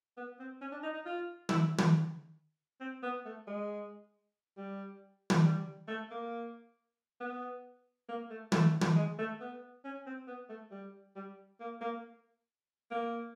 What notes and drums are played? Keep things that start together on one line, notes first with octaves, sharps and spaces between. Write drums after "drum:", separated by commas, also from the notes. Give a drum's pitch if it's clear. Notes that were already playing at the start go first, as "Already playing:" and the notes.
B3
C4
C#4
D4
D#4
D#4
F4
E4, drum: tom
drum: tom
C4
B3
A3
G#3
G3
drum: tom
G3
A3
A#3
B3
A#3
A3
A3, drum: tom
drum: tom
G#3
A3
B3
C#4
C4
B3
A3
G3
G3
A#3
A#3
A#3